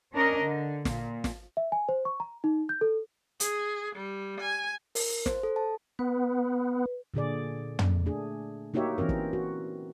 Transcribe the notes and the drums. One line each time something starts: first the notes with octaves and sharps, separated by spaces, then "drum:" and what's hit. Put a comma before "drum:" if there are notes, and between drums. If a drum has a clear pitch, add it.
C#4 D4 A#4 D#5
D3
A#2, drum: snare
drum: snare
E5
G#5
C5
C#6
A#5
D#4
G6
A4
G#4, drum: hi-hat
G3
G#5
A#4, drum: open hi-hat
C5, drum: snare
A4
A5
B3 B4
A#2 D3 G#4 D5
drum: tom
A3 D4 G#4
A#3 D#4 F#4 G4 C#5 E5
E3 C4 C#4 A#4
drum: kick
F#4